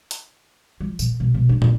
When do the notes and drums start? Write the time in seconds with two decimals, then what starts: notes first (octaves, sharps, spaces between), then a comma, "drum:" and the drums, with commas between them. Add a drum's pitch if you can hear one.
0.11 drum: hi-hat
0.80 F3
0.99 A#2, drum: tambourine
1.20 B2
1.34 B2
1.49 D4
1.62 D4, drum: tom